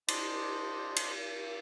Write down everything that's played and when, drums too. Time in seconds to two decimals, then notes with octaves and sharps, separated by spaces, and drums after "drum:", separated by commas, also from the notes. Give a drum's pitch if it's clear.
0.08 D4 C5 D5 D#5, drum: cymbal
0.96 drum: cymbal